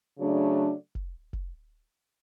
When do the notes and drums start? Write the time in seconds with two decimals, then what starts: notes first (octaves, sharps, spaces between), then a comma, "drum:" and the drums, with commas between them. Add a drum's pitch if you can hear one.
0.19 C#3 F#3 A3 D4
0.95 drum: kick
1.33 drum: kick